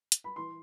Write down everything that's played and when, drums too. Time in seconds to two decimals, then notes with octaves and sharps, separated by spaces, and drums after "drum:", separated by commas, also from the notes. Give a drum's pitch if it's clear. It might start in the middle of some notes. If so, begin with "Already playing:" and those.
0.12 drum: hi-hat
0.24 B5
0.36 E3 C6